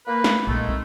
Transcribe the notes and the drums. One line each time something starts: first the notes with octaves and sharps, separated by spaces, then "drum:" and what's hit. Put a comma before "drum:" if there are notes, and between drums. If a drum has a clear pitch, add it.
A#3 B4
drum: snare
A#1 D#3 G#3 A3
C4